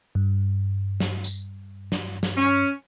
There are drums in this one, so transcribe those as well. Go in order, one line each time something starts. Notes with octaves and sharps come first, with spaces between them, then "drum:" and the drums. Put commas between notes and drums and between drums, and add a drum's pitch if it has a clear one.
G2
drum: snare
drum: tambourine
drum: snare
drum: snare
C#4